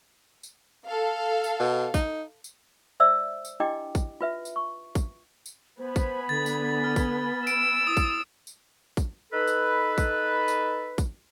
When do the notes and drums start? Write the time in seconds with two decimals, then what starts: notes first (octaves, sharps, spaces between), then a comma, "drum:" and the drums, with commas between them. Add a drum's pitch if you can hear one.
0.43 drum: tambourine
0.87 A4 F5
1.44 drum: tambourine
1.60 B2
1.94 D#4, drum: kick, tambourine
2.44 drum: tambourine
3.00 C5 D5 E5 E6
3.45 drum: tambourine
3.60 D4 E4 G4 D#5 G5 D6
3.95 drum: kick, tambourine
4.21 F4 B4 E5
4.45 drum: tambourine
4.56 C#6
4.95 drum: kick, tambourine
5.46 drum: tambourine
5.79 B3 C5 G#5 B5
5.96 drum: kick, tambourine
6.29 D3 A6
6.46 drum: tambourine
6.84 F6
6.96 drum: kick, tambourine
7.47 E6 D7, drum: tambourine
7.87 E4 D#6
7.97 drum: kick, tambourine
8.47 drum: tambourine
8.97 drum: kick, tambourine
9.33 D#4 A4 B4
9.47 drum: tambourine
9.98 drum: kick, tambourine
10.48 drum: tambourine
10.98 drum: kick, tambourine